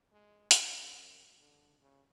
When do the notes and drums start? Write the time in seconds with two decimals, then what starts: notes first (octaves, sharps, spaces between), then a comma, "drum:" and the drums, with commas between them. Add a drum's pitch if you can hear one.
0.12 G#3
0.51 F#2, drum: hi-hat
1.40 D3
1.81 C#3